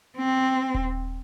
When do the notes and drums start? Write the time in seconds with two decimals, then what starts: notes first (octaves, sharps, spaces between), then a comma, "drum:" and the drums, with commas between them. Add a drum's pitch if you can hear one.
0.17 C4
0.74 drum: kick D#1